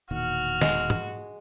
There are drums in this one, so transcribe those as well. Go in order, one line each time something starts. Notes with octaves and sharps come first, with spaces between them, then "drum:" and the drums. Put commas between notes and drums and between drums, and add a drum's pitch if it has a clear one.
E1 A#2 D#3 F#4 F6
G#3, drum: snare
drum: tom